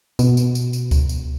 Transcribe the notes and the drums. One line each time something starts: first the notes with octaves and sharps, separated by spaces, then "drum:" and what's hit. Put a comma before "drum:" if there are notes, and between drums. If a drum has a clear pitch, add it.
B2, drum: tambourine
drum: tambourine
drum: tambourine
drum: tambourine
drum: kick C#2, tambourine
drum: tambourine